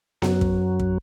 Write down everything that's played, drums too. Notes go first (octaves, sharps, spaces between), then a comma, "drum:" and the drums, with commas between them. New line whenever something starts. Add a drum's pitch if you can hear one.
F#2 F#3, drum: snare B3
drum: kick
drum: kick